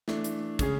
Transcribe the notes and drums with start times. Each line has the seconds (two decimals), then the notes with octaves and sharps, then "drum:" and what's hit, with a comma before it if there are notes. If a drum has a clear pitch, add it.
0.08 E3 A3 D4, drum: snare
0.24 drum: hi-hat
0.59 C#3 G#3 C#4 G#4, drum: kick, hi-hat